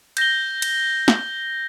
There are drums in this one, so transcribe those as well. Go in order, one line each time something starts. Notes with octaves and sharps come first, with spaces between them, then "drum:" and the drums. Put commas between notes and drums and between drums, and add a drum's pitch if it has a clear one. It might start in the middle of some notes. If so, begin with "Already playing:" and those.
G6 A#6 G7, drum: cymbal
drum: cymbal
drum: snare